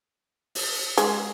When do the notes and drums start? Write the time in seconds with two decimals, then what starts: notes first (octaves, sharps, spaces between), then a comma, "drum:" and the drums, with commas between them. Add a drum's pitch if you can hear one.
0.55 drum: open hi-hat
0.97 G#3 G#4, drum: hi-hat